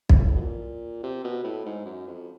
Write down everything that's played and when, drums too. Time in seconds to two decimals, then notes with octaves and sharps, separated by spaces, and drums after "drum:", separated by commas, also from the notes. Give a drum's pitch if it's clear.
0.09 G#2, drum: kick
0.19 A#2
0.24 A2
0.36 B2
0.41 A#2
1.03 C3
1.24 B2
1.44 A2
1.66 G#2
1.86 F#2
2.07 F2